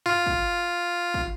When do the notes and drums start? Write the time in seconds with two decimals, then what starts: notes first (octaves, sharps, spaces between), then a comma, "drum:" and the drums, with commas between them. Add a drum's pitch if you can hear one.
0.06 F4, drum: tom F#2
0.26 drum: kick
1.14 drum: kick